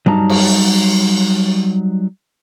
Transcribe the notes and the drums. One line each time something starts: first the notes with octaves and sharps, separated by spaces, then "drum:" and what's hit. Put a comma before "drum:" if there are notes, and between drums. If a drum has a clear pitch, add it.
F#3 G3 D#4 A5 A#5, drum: tom G2
drum: cymbal